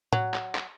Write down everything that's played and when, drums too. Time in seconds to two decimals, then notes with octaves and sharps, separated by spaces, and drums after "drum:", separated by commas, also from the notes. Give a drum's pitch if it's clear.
0.13 F#3, drum: tom A2
0.34 drum: clap
0.55 drum: clap